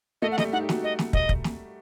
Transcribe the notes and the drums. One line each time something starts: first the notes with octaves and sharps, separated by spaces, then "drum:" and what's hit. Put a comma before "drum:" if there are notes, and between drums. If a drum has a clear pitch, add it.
A3 A4 D#5
F#5
G3 G4 D#5, drum: snare
D#4 F#5
G4
F#4, drum: snare
D#5
drum: snare
D#5, drum: kick
drum: kick
drum: snare